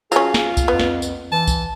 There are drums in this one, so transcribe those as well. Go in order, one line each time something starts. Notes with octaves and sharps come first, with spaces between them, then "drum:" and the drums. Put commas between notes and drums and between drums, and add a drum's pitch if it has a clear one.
F#3 C#4 F4 G#4, drum: tambourine
drum: snare
drum: kick B1, tambourine
F2 B3
drum: snare
drum: tambourine
E3 A5
drum: kick B1, tambourine